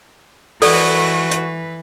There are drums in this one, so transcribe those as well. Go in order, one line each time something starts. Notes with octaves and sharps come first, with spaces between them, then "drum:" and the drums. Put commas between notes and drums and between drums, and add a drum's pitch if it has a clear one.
E3 F#4 A4 B4 D5, drum: open hi-hat
drum: hi-hat